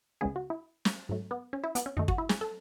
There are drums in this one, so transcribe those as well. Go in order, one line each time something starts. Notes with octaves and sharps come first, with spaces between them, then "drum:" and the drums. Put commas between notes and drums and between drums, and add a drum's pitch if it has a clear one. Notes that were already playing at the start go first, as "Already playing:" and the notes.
C#2 C#3 G#3 B3 G#4
F#4
E4
drum: snare
G#2 F#3 A3
B3
C#4
E4
B3, drum: hi-hat
C#4
F#2 D#3 A3 D#4
F#4, drum: kick
E4
G#4, drum: snare
A4